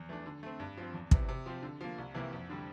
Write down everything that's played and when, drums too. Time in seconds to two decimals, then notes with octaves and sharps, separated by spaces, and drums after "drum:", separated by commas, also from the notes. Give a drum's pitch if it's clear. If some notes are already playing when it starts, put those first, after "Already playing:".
Already playing: E2
0.09 E3 A3 D4
0.26 D3
0.43 A3 C4
0.60 G2
0.77 F3 C4
0.94 E2
1.11 C3 E3, drum: kick
1.29 C3
1.46 F3 C4 G4
1.62 D3
1.81 F3 A#3
1.98 C2
2.14 C3 E3 A#3 E4
2.32 F2
2.50 D3 G3